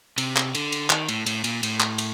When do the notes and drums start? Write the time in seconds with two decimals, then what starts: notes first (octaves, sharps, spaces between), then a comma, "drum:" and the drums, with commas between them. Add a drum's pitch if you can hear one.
0.18 C3, drum: cymbal
0.36 drum: clap
0.55 D3, drum: cymbal
0.72 drum: cymbal
0.90 D#3, drum: clap
1.09 A2, drum: cymbal
1.26 A2, drum: cymbal
1.44 A#2, drum: cymbal
1.63 A2, drum: cymbal
1.80 drum: clap
1.98 drum: cymbal